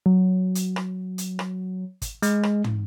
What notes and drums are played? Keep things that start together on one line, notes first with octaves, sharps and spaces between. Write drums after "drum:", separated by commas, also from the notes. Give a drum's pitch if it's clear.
F#3
drum: hi-hat
drum: rim click
drum: hi-hat
drum: rim click
drum: kick, hi-hat
G#3, drum: hi-hat
drum: rim click
drum: tom